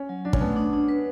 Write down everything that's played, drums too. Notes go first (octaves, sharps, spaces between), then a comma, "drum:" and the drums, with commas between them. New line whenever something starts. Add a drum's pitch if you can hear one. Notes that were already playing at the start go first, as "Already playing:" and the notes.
Already playing: C#4
F#3
F#3 D4
C#4, drum: kick
A3 B3
D4
D4
B4